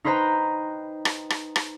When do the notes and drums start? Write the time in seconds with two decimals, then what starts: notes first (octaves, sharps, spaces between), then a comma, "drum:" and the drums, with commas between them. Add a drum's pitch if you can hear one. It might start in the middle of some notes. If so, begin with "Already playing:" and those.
0.04 D#4 B4 C5 D#5 G5 A#5
1.05 drum: rim click
1.30 drum: rim click
1.56 drum: rim click